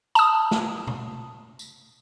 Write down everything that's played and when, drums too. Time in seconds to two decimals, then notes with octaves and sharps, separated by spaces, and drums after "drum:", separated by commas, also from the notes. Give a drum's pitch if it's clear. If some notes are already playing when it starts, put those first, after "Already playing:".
0.15 A5 D#6, drum: tambourine
0.51 drum: snare
0.87 drum: tom
1.59 drum: tambourine